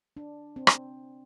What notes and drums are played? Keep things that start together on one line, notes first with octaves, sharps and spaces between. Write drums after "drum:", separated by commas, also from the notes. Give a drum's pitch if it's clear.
D4
C4
drum: rim click